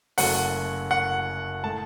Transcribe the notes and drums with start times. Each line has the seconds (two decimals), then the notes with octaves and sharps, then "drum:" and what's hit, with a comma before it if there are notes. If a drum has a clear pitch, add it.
0.18 F#1 F#2 F#3 A3 F#5, drum: open hi-hat
0.91 F#5
1.64 A2 A3 A5